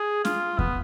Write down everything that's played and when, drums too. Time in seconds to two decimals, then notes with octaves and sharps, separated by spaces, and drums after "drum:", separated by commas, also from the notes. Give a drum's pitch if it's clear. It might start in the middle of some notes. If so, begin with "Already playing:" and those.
Already playing: G#4
0.25 F4, drum: snare
0.59 B3, drum: kick E2